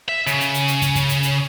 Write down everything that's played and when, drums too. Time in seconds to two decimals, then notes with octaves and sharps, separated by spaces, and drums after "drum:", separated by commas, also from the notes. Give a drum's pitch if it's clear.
0.08 E5
0.27 C#3, drum: hi-hat
0.41 drum: hi-hat
0.54 drum: hi-hat
0.68 drum: hi-hat
0.82 drum: kick, hi-hat
0.95 drum: kick, hi-hat
1.09 drum: hi-hat
1.23 drum: hi-hat